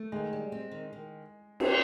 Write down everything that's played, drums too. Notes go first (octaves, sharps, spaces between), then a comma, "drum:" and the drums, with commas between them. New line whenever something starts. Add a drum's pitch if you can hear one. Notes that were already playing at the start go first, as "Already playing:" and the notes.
Already playing: A3
D#3 G#3
G3
C4
D#3
D#3
drum: cymbal